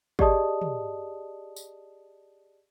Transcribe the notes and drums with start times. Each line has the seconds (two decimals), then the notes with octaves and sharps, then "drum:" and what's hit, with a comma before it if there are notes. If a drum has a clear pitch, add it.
0.19 G4 G#4 D5 D#5 A5 D#6, drum: kick
0.62 drum: tom
1.56 drum: tambourine